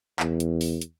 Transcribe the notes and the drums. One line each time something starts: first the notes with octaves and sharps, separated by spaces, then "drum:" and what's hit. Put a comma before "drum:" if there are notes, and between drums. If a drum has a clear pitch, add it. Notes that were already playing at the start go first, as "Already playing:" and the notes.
E2, drum: clap
drum: hi-hat
drum: open hi-hat
drum: hi-hat